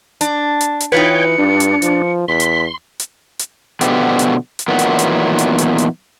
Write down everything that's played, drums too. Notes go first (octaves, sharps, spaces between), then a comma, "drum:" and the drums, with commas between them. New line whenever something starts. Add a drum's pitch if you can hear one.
D4, drum: hi-hat
drum: hi-hat
drum: hi-hat
E3 D#4 F4 B4 C#5 G5 C#7
G2 D4
drum: hi-hat
F3, drum: hi-hat
E2 C6 B6
drum: hi-hat
drum: hi-hat
drum: hi-hat
B2 D3 F3 B3 G4, drum: hi-hat
drum: hi-hat
drum: hi-hat
E2 A#2 D#3 F#3 B3
drum: hi-hat
drum: hi-hat
drum: hi-hat
drum: hi-hat
drum: hi-hat